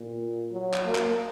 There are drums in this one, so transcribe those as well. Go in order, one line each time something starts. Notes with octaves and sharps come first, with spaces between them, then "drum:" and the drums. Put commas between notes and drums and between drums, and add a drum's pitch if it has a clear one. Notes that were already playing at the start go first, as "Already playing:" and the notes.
Already playing: A#2
F#3
drum: clap
A#3
drum: clap